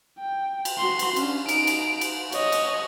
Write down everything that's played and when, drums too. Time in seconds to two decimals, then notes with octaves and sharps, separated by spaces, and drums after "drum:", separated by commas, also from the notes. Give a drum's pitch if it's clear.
0.19 G5
0.65 drum: cymbal
0.79 F#4 C6
0.99 drum: cymbal
1.16 C#4 D4, drum: cymbal
1.49 D#4 D7, drum: cymbal
1.67 drum: cymbal
2.01 drum: cymbal
2.32 C#5 D#5, drum: cymbal
2.52 drum: cymbal